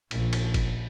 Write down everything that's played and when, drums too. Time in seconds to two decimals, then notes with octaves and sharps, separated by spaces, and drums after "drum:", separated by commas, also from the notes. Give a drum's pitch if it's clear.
0.11 A#1, drum: cymbal
0.33 drum: cymbal
0.54 drum: kick, cymbal